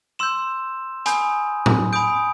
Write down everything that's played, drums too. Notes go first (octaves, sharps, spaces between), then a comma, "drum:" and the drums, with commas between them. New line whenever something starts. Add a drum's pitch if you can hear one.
C6 E6 G6 E7
G#5 B5 D#6 G6, drum: hi-hat
drum: tom
G#5 B5 D#6 G6 D7